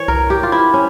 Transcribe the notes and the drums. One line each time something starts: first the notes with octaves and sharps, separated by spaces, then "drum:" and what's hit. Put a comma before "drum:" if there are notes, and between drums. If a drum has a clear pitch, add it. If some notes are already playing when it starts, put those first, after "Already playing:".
Already playing: E3 C#5
A#4, drum: kick C2
G4
F4
E4
C#4